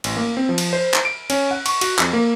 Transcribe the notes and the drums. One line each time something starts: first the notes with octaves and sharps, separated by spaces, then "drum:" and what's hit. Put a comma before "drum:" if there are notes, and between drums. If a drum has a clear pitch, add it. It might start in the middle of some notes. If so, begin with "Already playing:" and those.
A1, drum: cymbal
A#3
C4
F3
drum: cymbal
C5
drum: clap
D7
C#4, drum: cymbal
F#5
C#6, drum: cymbal
F#4, drum: cymbal
F2, drum: clap
A#3